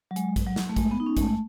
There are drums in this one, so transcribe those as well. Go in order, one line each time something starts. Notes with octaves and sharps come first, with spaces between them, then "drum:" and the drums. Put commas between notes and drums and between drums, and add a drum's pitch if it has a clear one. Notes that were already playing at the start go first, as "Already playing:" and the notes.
F#3
G#3, drum: hi-hat
drum: kick, hi-hat
F#3
drum: snare
A3
G#3, drum: kick, hi-hat
B3
D#4
C#4
G#3, drum: kick, hi-hat
A3